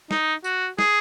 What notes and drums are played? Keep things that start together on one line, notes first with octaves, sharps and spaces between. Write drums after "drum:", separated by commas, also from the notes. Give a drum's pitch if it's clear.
D#4, drum: snare
F#4, drum: tambourine
G#4, drum: snare